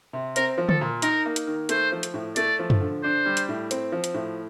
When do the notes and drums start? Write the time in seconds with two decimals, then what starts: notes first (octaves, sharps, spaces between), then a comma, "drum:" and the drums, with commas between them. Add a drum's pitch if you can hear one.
0.13 C3
0.36 C4 A#4, drum: hi-hat
0.58 F3
0.69 A4, drum: tom D3
0.81 A#2
1.02 D#4 A#4, drum: hi-hat
1.25 A#3
1.36 drum: hi-hat
1.47 D#3
1.69 A3 C5, drum: hi-hat
1.92 F3
2.03 drum: hi-hat
2.14 A2
2.36 A3 D5, drum: hi-hat
2.59 F3
2.70 drum: tom F#2
2.81 D3
3.03 D4 C5
3.25 G3
3.37 drum: hi-hat
3.49 A2
3.71 C4, drum: hi-hat
3.92 F3
4.04 drum: hi-hat
4.14 A2